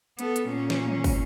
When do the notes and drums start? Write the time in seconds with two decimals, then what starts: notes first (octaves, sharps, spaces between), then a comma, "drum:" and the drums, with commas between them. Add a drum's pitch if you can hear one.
0.19 B3 A4, drum: hi-hat
0.36 drum: hi-hat
0.48 A#2 C#4
0.70 drum: snare
0.87 drum: tom
1.04 drum: kick, open hi-hat